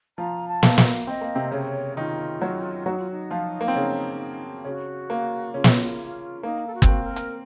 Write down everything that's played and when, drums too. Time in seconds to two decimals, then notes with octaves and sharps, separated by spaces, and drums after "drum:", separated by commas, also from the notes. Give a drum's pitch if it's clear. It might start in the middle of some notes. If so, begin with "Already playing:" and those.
0.18 F3 F4 A#5
0.47 A5
0.63 A#3, drum: snare
0.78 F5, drum: snare
1.07 C4 D#5
1.21 A#3
1.35 C3 C4
1.51 C#3 C#4 C#5
1.97 D#3 D#4 F4
2.41 F#3 F#4
2.86 F#3 D#4 F#4
2.98 F4
3.10 D#4
3.30 F3 F4
3.61 A#3
3.68 C4
3.75 C#3 C#4
4.65 C#3 C#4 F#4
5.10 A#3
5.54 C#3 C#4 F4
5.64 drum: snare
6.43 A#3 D#4
6.66 A4
6.74 F#4
6.82 C4, drum: kick
6.88 A#3
7.03 A#4
7.16 drum: hi-hat